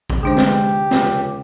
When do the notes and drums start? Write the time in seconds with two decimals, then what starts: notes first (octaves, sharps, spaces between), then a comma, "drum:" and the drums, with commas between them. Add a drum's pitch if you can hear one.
0.10 drum: kick A1
0.23 D3 G#3 D4 G4 C5
0.37 drum: snare
0.91 C#2, drum: snare